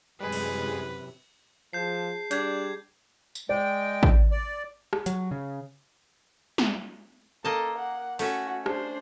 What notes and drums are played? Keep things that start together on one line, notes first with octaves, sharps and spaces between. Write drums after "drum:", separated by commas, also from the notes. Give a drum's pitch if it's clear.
F#2 C3 E3 G3 G#3 G#4 B4
drum: cymbal
F3 G#4 A5 G6 C7
G3 D4 G6 G#6, drum: hi-hat
drum: tambourine
G#3 D5 G5
drum: kick
D5
drum: rim click
F#3, drum: hi-hat
C#3
drum: snare
A#3 A4 D#5 A5
F#5
A3 C#4 F#4 E5, drum: open hi-hat
D4 C5, drum: rim click